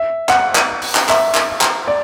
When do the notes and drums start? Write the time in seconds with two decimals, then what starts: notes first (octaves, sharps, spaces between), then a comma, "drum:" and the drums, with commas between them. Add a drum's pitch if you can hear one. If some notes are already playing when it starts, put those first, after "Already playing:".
Already playing: E5
0.29 F#5, drum: clap
0.55 drum: clap
0.82 drum: open hi-hat
0.95 drum: clap
1.09 E5, drum: clap
1.35 drum: clap
1.61 drum: clap
1.87 D5